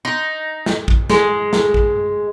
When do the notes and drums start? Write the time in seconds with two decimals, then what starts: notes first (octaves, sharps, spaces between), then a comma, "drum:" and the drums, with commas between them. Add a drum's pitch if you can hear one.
0.05 D#4
0.66 drum: snare
0.88 drum: kick
1.10 G#3, drum: snare
1.53 drum: snare
1.74 drum: kick